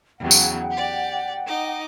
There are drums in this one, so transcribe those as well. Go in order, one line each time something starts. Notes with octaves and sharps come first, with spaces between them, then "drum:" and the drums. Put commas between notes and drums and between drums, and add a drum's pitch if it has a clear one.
E2 C#3 F#3 F#5 G5
drum: tambourine
G4 D5
D#4 D#5 D6